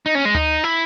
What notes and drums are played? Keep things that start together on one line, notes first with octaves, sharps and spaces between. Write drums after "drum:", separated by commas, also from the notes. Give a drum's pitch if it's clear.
D#4
C#4
G#3
D#4, drum: tom D2
E4